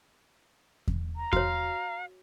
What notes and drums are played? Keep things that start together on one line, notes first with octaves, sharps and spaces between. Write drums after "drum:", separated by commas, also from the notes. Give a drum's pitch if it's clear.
drum: kick E2
A#5
F#4 C#5 F5, drum: kick E2